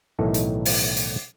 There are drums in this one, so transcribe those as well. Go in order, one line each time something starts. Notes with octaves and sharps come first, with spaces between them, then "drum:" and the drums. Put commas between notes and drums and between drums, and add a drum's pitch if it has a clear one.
B1 A2 D#3 E3 D#4 A4
drum: hi-hat
drum: open hi-hat
drum: hi-hat